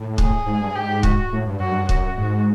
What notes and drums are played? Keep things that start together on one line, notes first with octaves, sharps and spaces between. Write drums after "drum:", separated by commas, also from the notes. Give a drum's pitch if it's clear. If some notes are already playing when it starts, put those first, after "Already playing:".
Already playing: A2
G#4, drum: kick
G#2
G2
G#2 G4
F#4, drum: kick
A2
G2
F#2 F#4
G2
F#2
F#4, drum: kick
G#2